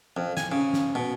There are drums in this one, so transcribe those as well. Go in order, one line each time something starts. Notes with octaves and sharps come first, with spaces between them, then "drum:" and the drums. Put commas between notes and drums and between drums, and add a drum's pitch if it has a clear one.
F2
G#5, drum: snare
C#3
drum: snare
B2